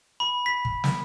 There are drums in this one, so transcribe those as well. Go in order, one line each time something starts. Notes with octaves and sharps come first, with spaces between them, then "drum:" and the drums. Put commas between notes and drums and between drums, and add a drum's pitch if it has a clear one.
B5
B6
drum: kick
drum: snare